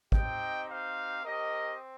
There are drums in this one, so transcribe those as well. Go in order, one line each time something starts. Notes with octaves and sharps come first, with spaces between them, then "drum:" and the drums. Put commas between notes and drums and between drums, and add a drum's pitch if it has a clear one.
C4 D#4 G4 D#5 G5, drum: kick
C5 F5
C4 G4 A#4 D#5